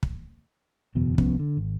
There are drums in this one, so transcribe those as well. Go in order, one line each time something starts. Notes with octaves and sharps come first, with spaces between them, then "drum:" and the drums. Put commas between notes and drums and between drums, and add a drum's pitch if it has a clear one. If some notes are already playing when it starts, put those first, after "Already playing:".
drum: kick
F#1 E2 B2
C2 F3 B3 C#4, drum: kick
D3
G#1